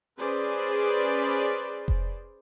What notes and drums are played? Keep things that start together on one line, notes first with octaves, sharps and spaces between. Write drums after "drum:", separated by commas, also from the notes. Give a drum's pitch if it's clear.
C#4 G#4 B4 C5 D5
drum: kick F1